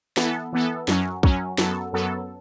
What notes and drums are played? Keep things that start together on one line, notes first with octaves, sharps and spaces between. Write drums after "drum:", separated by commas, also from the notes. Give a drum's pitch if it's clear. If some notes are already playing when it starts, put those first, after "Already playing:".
E3 B3 A4, drum: snare
E3 B3 A4
F#2 F#3 C#4, drum: snare
F#2 F#3 C#4, drum: kick
F#2 F#3 B3 A4, drum: snare
F#2 F#3 B3 A4